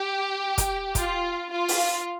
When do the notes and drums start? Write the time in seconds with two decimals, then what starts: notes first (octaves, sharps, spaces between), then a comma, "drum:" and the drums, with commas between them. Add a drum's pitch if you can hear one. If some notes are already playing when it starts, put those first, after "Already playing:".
Already playing: G4
0.58 drum: kick, hi-hat
0.95 F4, drum: kick, hi-hat
1.50 F4
1.68 drum: open hi-hat